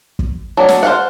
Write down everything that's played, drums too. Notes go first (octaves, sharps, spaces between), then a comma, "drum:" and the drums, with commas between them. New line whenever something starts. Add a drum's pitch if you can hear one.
drum: kick
F#3 D4 A5
drum: snare
C5 F5 F#5